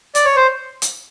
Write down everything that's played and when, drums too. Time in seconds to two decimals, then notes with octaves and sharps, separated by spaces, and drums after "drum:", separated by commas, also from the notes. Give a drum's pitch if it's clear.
0.15 D5, drum: hi-hat
0.25 C#5
0.36 C5
0.82 drum: hi-hat